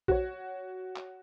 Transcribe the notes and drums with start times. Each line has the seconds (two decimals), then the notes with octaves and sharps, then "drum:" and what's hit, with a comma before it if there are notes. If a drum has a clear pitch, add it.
0.08 F#4 C#5, drum: kick A#1
0.96 drum: clap